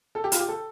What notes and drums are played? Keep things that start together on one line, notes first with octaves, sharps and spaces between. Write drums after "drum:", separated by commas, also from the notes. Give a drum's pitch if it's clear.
A4
G4
F4, drum: hi-hat
G4
A4